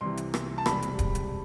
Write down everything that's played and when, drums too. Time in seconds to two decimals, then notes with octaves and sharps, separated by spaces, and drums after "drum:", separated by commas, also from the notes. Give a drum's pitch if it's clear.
0.01 C2 C3 E3 C6
0.17 drum: hi-hat
0.34 drum: rim click
0.58 A5
0.66 E1 C3 G3 B5, drum: rim click
0.82 drum: hi-hat
0.99 drum: kick D1, hi-hat
1.15 drum: hi-hat